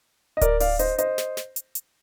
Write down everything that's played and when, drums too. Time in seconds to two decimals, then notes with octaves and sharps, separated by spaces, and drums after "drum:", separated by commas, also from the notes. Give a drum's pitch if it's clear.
0.37 D#5
0.41 A#4 D5, drum: kick D1, hi-hat
0.60 D5 F5, drum: open hi-hat
0.79 C5 D#5, drum: hi-hat
0.98 C5 D#5, drum: hi-hat
1.18 drum: snare
1.37 drum: snare
1.56 drum: hi-hat
1.75 drum: hi-hat